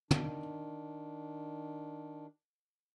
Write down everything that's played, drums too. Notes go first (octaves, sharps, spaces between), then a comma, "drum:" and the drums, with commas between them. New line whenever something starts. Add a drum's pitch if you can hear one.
D#3 D4, drum: tom